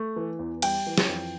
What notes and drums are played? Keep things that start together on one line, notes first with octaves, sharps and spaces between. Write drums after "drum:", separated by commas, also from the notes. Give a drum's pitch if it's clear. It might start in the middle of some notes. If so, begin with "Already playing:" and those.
Already playing: A3
E3
E2
G3 G5, drum: cymbal
E3
drum: snare
F2